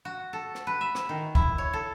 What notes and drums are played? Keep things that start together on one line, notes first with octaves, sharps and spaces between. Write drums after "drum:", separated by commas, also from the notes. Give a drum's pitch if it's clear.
F#4
A4
drum: rim click
B4
E5
drum: rim click
D#3
E4, drum: kick
C#5
A4